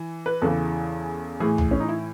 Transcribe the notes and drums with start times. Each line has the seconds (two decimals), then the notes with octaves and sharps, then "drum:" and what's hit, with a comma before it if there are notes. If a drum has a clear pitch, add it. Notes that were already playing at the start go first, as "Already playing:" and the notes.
Already playing: E3
0.26 B4
0.42 E2 C#3 E3 A4
1.40 A2 E3 G#4
1.58 drum: tom B1
1.71 C#4
1.80 D#4
1.89 E4